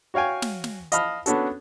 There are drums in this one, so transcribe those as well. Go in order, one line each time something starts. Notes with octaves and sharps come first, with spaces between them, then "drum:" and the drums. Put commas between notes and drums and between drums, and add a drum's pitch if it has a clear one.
F#4 C#5 F5 G5 G#5
drum: snare
drum: snare
D#5 F5 A5 B5 F6, drum: hi-hat
B3 C#4 D4 F#4 A4, drum: hi-hat